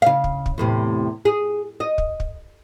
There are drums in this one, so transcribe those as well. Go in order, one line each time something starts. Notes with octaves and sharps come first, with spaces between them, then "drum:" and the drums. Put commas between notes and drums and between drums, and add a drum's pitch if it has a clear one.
C#3 F5
drum: kick
drum: kick
E2 A2 C3
G#4
D#5
drum: kick
drum: kick